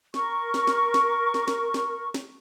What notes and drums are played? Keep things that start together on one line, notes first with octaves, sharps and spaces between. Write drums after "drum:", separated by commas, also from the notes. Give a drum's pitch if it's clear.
A#4 C#6, drum: snare
drum: snare
drum: snare
drum: snare
drum: snare
drum: snare
drum: snare
drum: snare